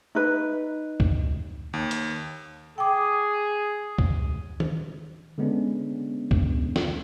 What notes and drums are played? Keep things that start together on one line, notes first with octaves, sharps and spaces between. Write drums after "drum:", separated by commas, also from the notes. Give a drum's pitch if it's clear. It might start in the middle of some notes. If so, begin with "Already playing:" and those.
D#4 B4
drum: kick C#2
D#2
drum: hi-hat
G#4 G5 D6
drum: kick C#2
drum: tom D#3
D3 G#3 B3 C#4 D4
drum: kick C#2
drum: snare